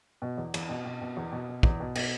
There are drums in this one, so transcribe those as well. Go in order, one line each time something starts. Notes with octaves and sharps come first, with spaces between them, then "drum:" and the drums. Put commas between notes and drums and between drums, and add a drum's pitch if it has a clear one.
B2
E2
E2, drum: cymbal
B2
B2
B2
E2
B2
B2
E2, drum: kick
B2
B2, drum: cymbal